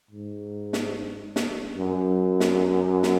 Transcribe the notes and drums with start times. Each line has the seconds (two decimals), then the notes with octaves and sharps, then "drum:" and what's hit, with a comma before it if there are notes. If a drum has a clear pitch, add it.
0.11 G#2
0.73 drum: snare
1.36 drum: snare
1.78 F#2
2.40 drum: snare
3.03 drum: snare